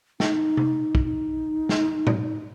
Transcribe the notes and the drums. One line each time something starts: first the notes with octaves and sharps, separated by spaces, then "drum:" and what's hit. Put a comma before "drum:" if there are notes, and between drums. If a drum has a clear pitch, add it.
D#4, drum: snare
drum: tom C3
drum: kick
D#4
drum: snare
drum: tom A2